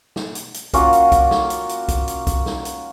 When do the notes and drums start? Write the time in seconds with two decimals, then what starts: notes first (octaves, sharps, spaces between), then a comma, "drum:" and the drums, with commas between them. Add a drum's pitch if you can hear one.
0.16 drum: snare
0.35 drum: hi-hat
0.54 drum: hi-hat
0.73 A#3 C#4 F4 F#4, drum: kick B1, hi-hat
0.93 drum: hi-hat
1.12 drum: kick B1, hi-hat
1.31 drum: snare
1.50 drum: hi-hat
1.69 drum: hi-hat
1.88 drum: kick B1, hi-hat
2.08 drum: hi-hat
2.27 drum: kick B1, hi-hat
2.46 drum: snare
2.65 drum: hi-hat